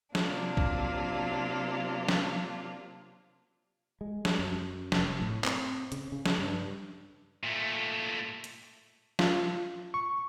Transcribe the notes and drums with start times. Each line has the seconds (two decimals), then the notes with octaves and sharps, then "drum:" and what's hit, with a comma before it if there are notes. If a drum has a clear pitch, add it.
0.15 C3 F#3 A#3 D4 F4, drum: snare
0.57 drum: kick
2.08 drum: snare
4.01 G#3
4.25 G3, drum: snare
4.39 F#2
4.92 F1, drum: snare
5.22 A2
5.44 C4, drum: clap
5.92 C#3, drum: hi-hat
6.12 C#3
6.26 drum: snare
6.38 G2
7.44 A#2 A3
8.44 drum: hi-hat
9.19 F4, drum: snare
9.94 C#6